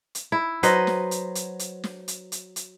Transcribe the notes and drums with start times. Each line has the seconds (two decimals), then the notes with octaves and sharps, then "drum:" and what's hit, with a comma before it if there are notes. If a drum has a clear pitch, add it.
0.15 drum: hi-hat
0.32 E4
0.63 F#3 B4 C5 D#5, drum: hi-hat
0.87 drum: snare
1.11 drum: hi-hat
1.35 drum: hi-hat
1.59 drum: hi-hat
1.84 drum: snare
2.08 drum: hi-hat
2.32 drum: hi-hat
2.56 drum: hi-hat